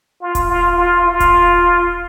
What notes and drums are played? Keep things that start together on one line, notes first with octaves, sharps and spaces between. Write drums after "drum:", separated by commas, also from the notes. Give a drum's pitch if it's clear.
F4
drum: kick D#1, hi-hat
F4
F4
F4
drum: kick D#1, hi-hat